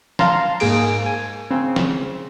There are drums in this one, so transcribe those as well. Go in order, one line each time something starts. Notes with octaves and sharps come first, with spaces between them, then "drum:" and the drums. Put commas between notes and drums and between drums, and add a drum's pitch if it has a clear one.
F5 A5 A#5 C6, drum: snare
G#2 A#3 G#4 D7, drum: cymbal
G#5
C#3 C4
drum: snare